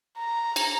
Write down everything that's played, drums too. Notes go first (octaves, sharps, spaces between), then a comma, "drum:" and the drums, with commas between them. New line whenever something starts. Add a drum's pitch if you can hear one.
A#5
drum: cymbal